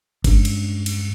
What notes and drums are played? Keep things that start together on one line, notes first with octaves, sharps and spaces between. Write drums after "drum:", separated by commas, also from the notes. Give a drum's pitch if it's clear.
G2 G#3 C#4 D4, drum: kick, cymbal
drum: cymbal
drum: cymbal